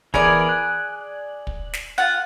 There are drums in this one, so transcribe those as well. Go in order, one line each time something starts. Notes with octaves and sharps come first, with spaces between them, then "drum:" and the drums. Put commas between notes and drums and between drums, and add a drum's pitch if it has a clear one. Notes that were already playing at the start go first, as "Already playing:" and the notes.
E3 B3 G#4 A#4 D5, drum: kick
F#6
drum: kick
drum: snare
F4 F#5